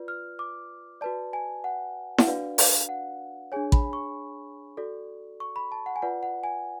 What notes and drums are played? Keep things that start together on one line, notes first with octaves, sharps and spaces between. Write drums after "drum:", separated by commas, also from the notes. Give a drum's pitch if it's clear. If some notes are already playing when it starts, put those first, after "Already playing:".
Already playing: F4 B4 D5
F6
D6
F#4 B4 D5 A5
G#5
F#5
F#5, drum: snare E4
D4 F#4 B4 D5 F5
F5, drum: open hi-hat
F#5
D4 G#4 C#5 G#5
B5, drum: kick
C#6
F#4 A4 D5
C#6
B5
A5
F#5
G#5
F4 B4 D5 F#5
F#5
G#5